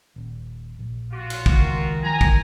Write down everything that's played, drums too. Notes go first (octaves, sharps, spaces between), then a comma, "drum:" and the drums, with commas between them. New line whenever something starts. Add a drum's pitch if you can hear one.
D#1
A#1
F4 F#4
drum: cymbal
drum: kick
C#2 D#3
F3 G#5 A#5
drum: kick